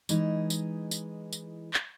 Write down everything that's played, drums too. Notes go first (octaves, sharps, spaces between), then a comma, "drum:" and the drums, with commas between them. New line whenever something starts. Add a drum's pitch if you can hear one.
E3 G#3 D#4, drum: tambourine
drum: tambourine
drum: tambourine
drum: tambourine
drum: clap